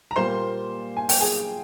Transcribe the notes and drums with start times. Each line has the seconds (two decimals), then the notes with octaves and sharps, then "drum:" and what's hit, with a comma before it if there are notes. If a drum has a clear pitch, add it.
0.11 A#5
0.16 A#2 G3 A#3 C5 C6
0.97 G#5
1.09 G5, drum: open hi-hat
1.20 G#4 G#5